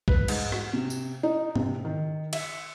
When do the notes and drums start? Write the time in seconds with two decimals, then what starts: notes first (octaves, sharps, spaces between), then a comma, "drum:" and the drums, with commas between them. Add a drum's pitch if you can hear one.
0.08 B4, drum: kick
0.28 G#2, drum: cymbal
0.52 F#4, drum: rim click
0.73 C3
0.90 drum: tambourine
1.23 D#4
1.55 C3, drum: tom G#2
1.85 D#3
2.33 E5, drum: cymbal